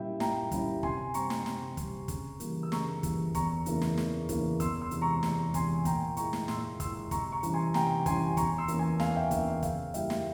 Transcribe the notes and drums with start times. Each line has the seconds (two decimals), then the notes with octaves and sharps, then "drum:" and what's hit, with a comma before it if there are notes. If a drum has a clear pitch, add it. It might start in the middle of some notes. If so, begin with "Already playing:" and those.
Already playing: A#2 G3 C#4 E4 E5 G5
0.20 A#2 G5 A#5, drum: snare
0.52 G3 C#4 E4, drum: kick, hi-hat
0.83 C3 G#5 C6, drum: kick
1.14 G3 C4 A#5 C#6, drum: hi-hat
1.30 drum: snare
1.46 C3, drum: snare
1.77 G3 C4, drum: kick, hi-hat
2.08 C#3, drum: kick, hi-hat
2.40 E3 G3 A#3, drum: hi-hat
2.63 E6
2.72 C#3 A#5 C#6, drum: snare
3.03 E3 G3 A#3, drum: kick, hi-hat
3.35 E2 A#5 C#6, drum: kick, hi-hat
3.66 C#3 E3 A#3 E4, drum: hi-hat
3.82 drum: snare
3.98 E2, drum: snare
4.29 C#3 E3 A#3 E4, drum: kick, hi-hat
4.60 E2 C6 E6, drum: kick, hi-hat
4.81 C6 E6
4.91 C3 E3 G#3, drum: hi-hat
5.02 A#5 C#6
5.23 E2, drum: snare
5.54 C3 E3 G#3 G#5 C6, drum: kick, hi-hat
5.85 A#2 G5 A#5, drum: kick, hi-hat
6.17 G#3 E4 A#5 C#6, drum: hi-hat
6.33 drum: snare
6.48 A#2 C6 E6, drum: snare
6.80 G#3 E4 C6 E6, drum: kick, hi-hat
7.11 C3 A#5 C#6, drum: kick, hi-hat
7.32 A#5 C#6
7.43 E3 G3 C#4 E4, drum: hi-hat
7.53 G#5 C6
7.74 C3 G5 A#5, drum: snare
8.06 E3 G3 C#4 E4 G#5 C6, drum: kick, hi-hat
8.37 E2 A#5 C#6, drum: kick, hi-hat
8.58 C6 E6
8.68 E3 A#3 C#4, drum: hi-hat
8.79 G#5 C6
9.00 E2 F5 G#5, drum: snare
9.15 E5 G5
9.31 E3 A#3 C#4 E5, drum: kick, hi-hat
9.48 F5
9.63 C#3 F5, drum: kick, hi-hat
9.94 G3 A#3 E4 E5 G5, drum: hi-hat
10.10 drum: snare